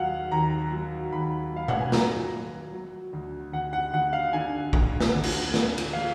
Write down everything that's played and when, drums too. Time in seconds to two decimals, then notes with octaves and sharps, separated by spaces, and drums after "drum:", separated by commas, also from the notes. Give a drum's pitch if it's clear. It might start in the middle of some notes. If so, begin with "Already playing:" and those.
Already playing: D#2 F#3 F5 F#5
0.31 D#2 A#5
0.72 F#3
1.12 D#2 B5
1.53 F#3 F5
1.68 F#5, drum: tom B2
1.81 G#5
1.92 F#3 A#5, drum: snare
2.33 F#3
2.73 F#3
3.13 D2
3.53 D2 F#5
3.73 F#5
3.93 D2 F#5
4.13 F5
4.33 D3 G#5
4.73 D2, drum: kick
5.00 drum: snare
5.14 D2
5.24 drum: cymbal
5.54 D3, drum: snare
5.78 drum: cymbal
5.93 F3 F5